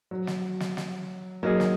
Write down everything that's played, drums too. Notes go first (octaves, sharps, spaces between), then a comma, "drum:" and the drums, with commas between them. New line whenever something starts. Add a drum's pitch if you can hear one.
F#3
drum: snare
drum: snare
drum: snare
F#3 A#3 D#4 G#4
drum: snare